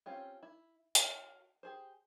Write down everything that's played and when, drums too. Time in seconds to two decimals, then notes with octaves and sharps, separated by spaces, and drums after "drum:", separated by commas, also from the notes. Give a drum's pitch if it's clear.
0.06 C4 C#4 F4 G4
0.43 E4
0.95 F#4 A#4 C#5 F5 G#5, drum: hi-hat
1.63 G4 G#4 C5